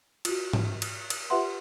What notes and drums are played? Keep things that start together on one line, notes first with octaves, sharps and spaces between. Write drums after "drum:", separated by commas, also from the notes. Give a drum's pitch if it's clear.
F4 F#4, drum: cymbal
drum: tom
drum: cymbal
drum: cymbal
F4 G4 B4 E5 F#5 C6